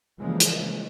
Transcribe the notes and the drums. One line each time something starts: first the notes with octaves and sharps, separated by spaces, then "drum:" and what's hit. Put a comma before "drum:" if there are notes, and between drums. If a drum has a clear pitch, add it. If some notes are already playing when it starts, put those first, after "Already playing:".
C#3 E3 F3 G3 G#3 A#3
drum: hi-hat